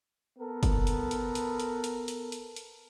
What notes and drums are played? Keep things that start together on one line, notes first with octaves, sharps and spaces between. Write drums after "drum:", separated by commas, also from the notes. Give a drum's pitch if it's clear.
B3 A4 A#4
drum: kick, hi-hat
drum: hi-hat
drum: hi-hat
drum: hi-hat
drum: hi-hat
drum: hi-hat
drum: hi-hat
drum: hi-hat
drum: hi-hat